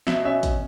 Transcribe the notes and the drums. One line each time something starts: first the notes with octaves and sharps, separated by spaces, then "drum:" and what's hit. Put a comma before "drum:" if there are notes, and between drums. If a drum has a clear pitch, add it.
B2 E5, drum: snare
C#4 E5
drum: kick, hi-hat